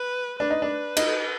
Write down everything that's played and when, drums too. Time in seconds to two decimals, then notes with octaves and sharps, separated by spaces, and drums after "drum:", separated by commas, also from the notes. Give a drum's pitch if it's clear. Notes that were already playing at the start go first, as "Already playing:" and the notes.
Already playing: B4
0.39 D4 B4
0.51 D#4
0.62 D4
0.97 D#4, drum: cymbal